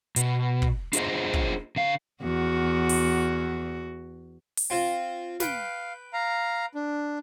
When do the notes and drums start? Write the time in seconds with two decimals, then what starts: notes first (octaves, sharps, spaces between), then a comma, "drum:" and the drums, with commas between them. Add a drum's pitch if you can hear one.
0.16 B2, drum: hi-hat
0.62 drum: kick
0.93 D4 F4 G#4 B4 C5 D#5, drum: hi-hat
1.34 drum: kick
1.76 D3 F5
2.21 E2 F#4
2.89 drum: open hi-hat
4.57 drum: open hi-hat
4.70 C4 F4 C5
5.40 B4 F5 G5, drum: snare
6.13 F5 A#5
6.75 D4